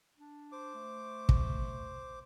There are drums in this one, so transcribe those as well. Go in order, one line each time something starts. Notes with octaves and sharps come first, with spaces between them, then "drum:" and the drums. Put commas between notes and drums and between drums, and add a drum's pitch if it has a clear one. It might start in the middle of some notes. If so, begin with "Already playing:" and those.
D4
C5 D6
A3
drum: kick